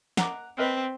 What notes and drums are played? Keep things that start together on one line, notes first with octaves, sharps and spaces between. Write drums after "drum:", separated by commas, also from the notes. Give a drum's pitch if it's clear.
F#5 A#5 D6, drum: snare
C4 B4 D#5 F6